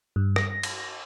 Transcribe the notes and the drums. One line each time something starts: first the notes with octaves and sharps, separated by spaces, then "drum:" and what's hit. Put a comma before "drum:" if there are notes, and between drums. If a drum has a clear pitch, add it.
G2
A#6, drum: rim click
drum: cymbal